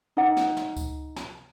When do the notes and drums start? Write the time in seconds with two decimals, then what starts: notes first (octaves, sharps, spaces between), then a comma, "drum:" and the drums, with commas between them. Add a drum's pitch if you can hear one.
0.17 D#4 F#5
0.37 drum: snare
0.57 drum: snare
0.77 drum: kick C#2, tambourine
1.16 drum: snare